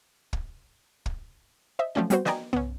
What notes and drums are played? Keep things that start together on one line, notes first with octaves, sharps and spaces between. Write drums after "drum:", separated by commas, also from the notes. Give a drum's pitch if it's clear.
drum: kick
drum: kick
C5 D#5 E5
F3 F#3 A3 C4 C#4 D5
G3 B3 C4 F#4 C5, drum: hi-hat
B4 D5 D#5 G5 G#5 A#5, drum: snare
B3 C#4, drum: tom